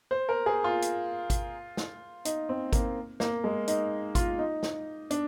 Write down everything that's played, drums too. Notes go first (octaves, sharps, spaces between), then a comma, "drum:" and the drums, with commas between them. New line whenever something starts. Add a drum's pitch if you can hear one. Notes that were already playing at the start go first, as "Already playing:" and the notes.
C5
A#4
G#4
F4
drum: hi-hat
drum: kick G#1, hi-hat
drum: snare
D#4, drum: hi-hat
C4
A#3, drum: kick G#1, hi-hat
A#3, drum: snare
G#3
D#4, drum: hi-hat
F4, drum: kick G#1, hi-hat
D#4
drum: snare
D4, drum: hi-hat